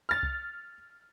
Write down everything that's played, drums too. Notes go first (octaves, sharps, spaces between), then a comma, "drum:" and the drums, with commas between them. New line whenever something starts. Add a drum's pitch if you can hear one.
F6 A6
drum: kick C2